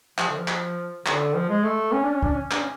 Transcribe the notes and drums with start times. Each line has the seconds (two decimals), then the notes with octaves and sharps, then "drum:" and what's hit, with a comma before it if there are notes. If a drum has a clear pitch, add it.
0.18 F3, drum: clap
0.29 D3
0.38 F3
0.48 drum: clap
1.06 D3, drum: clap
1.35 F3
1.49 G#3
1.64 A3
1.93 C#4
2.03 D4
2.13 C#4
2.23 D4, drum: kick
2.32 C#4
2.51 D4, drum: clap
2.61 C#4